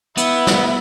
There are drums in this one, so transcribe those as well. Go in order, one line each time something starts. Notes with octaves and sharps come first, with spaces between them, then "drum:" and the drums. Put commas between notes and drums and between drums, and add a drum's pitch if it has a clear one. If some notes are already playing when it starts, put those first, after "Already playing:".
B3 E4, drum: hi-hat
drum: snare